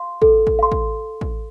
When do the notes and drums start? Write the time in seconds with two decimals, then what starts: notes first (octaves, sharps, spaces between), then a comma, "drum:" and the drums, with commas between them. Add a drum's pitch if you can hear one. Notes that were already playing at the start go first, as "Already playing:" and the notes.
Already playing: F5 C6
0.22 A4, drum: kick
0.47 drum: kick
0.59 F5 C6
0.72 drum: kick
1.21 drum: kick